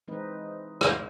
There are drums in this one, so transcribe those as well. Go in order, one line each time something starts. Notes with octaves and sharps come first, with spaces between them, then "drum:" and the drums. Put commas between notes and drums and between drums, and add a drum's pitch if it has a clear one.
E3 G#3 C4 D#4 B4 D#5
drum: rim click